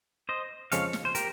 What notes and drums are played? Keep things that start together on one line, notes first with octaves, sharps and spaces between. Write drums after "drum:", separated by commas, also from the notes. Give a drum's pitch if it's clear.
C5 D#5
F2 C#3 F3 G#3 C#5 F5, drum: hi-hat
drum: snare
C5
G4 A#4, drum: hi-hat